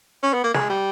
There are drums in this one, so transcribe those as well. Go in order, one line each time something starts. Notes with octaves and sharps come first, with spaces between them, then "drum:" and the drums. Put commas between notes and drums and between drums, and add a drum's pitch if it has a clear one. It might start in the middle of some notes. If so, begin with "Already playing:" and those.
C#4
B3
A#3
G#3, drum: snare
G3